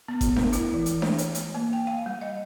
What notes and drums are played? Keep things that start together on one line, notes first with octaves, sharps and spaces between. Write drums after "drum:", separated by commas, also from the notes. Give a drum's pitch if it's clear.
B3
drum: kick G1, hi-hat
A#4, drum: snare D4
E4, drum: hi-hat
E3
drum: hi-hat
C#5, drum: snare D4
drum: hi-hat
drum: hi-hat
A#3
G5
F5
G3
D#5